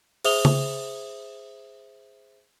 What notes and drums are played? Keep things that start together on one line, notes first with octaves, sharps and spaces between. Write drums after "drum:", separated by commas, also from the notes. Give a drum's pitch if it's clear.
G#4 C5 E5 D#6 F7 G7, drum: open hi-hat
drum: tom C#3